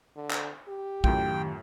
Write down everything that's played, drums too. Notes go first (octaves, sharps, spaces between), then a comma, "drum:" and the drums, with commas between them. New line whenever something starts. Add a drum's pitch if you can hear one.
D3
drum: clap
G4
F#2 A2 D#3 F4 G5, drum: kick A#1